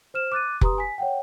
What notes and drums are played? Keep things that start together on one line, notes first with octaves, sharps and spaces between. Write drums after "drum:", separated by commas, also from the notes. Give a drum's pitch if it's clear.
C5 F6 E7
D6 F#6 A6 D#7
G4 B4 A#5 C6 D#6, drum: kick F1
G#5 B6
C#5 F#5 G5